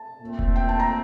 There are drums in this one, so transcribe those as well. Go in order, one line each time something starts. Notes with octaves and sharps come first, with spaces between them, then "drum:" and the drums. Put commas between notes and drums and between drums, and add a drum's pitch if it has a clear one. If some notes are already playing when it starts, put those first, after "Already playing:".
Already playing: A5
A#2 A3 C4
drum: kick E1
G5
A5
A#5